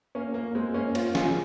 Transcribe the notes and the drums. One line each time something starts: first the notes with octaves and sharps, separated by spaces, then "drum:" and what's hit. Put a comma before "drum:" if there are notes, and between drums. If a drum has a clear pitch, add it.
A#3 C#4
A#3
G#3 C4
A#3 C#4
C#4 F4, drum: cymbal
F4 G#4, drum: snare